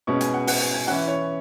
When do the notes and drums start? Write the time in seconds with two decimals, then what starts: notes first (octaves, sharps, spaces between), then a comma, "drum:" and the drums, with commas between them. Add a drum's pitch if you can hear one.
0.07 B2 G#3 C#4 C#6
0.21 G#5, drum: hi-hat
0.34 F#5
0.47 F#5, drum: open hi-hat
0.61 G#5
0.74 G#5
0.87 E3 C#4 F#5
1.08 C#5